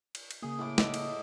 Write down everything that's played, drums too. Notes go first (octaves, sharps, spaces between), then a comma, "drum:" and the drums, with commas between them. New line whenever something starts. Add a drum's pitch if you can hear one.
drum: cymbal
drum: cymbal
C#3 A#3 G#4
A2 F#5 D6
D#5 E5 D6, drum: snare
drum: cymbal